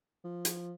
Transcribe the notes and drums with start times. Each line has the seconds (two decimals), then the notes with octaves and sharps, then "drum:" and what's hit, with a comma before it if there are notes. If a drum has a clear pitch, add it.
0.24 F3
0.45 drum: hi-hat